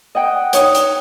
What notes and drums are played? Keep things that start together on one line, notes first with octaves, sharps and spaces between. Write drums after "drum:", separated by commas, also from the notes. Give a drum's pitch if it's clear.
D#5 F#5 G5
D#4 C#5 G5 D#6 F#6, drum: hi-hat
drum: hi-hat